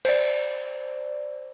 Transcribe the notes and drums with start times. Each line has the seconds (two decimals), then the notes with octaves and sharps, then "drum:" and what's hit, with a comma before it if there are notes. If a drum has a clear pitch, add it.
0.05 C5 D5, drum: cymbal